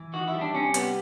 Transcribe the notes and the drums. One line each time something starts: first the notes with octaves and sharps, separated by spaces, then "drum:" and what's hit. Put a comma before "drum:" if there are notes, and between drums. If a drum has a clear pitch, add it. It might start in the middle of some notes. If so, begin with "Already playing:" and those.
Already playing: E3
D#3 F#4
E4
G3
D4
C3 C#4
G3 B3, drum: hi-hat